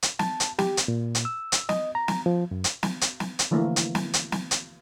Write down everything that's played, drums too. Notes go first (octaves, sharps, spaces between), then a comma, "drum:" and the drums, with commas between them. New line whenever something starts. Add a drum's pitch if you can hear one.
drum: hi-hat
A5, drum: snare
drum: hi-hat
G4, drum: snare
drum: hi-hat
A#2
drum: hi-hat
E6
drum: hi-hat
D#5, drum: snare
A#5
drum: snare
F3
F#2
drum: hi-hat
drum: snare
drum: hi-hat
drum: snare
drum: hi-hat
D3 E3 F3 A3 A#3
drum: hi-hat
drum: snare
drum: hi-hat
drum: snare
drum: hi-hat